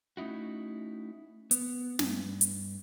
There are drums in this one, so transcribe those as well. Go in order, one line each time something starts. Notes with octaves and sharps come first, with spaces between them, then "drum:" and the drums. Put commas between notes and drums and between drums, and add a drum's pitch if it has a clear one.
A3 C#4 D#4 E4 F#4
B3, drum: hi-hat
G2, drum: snare
drum: hi-hat